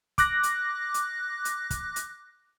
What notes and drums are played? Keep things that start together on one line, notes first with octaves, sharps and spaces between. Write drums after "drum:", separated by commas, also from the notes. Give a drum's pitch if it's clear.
D6 F#6 A#6, drum: kick, hi-hat
drum: hi-hat
drum: hi-hat
drum: hi-hat
drum: kick, hi-hat
drum: hi-hat